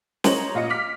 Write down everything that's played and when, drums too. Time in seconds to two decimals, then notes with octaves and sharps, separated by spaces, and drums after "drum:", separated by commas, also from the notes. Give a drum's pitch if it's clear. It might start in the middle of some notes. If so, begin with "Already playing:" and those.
0.24 C5 C#5 D#5 A#5 F#7, drum: snare
0.55 A#2 F4 D#5 C#7
0.70 D6 F6 B6